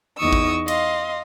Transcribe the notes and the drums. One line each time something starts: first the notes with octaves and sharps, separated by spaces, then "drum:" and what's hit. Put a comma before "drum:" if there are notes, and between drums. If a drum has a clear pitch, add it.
E2 D#4 D#5 C#6 D#6 E6
drum: kick A1
D#5 F5 C6, drum: cymbal